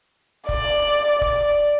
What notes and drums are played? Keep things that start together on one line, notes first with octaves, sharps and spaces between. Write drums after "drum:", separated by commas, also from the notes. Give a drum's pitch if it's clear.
D5, drum: kick
D5, drum: kick